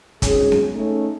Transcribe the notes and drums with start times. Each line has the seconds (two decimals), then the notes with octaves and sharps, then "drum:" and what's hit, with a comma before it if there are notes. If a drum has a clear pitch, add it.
0.22 G#1 C#4 G#4, drum: kick, hi-hat
0.52 drum: snare B3
0.74 A3 C#4 D#4